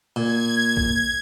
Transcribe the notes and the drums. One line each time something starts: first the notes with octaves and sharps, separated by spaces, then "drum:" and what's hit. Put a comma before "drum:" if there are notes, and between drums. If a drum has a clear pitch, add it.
A#2 G#6
drum: kick A#1